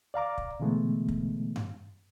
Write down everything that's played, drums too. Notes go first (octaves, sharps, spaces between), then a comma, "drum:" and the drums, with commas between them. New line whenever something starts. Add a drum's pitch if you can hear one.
D5 F5 A#5 D6
drum: kick
B2 D3 E3 G#3 A3 B3
drum: kick
drum: tom G2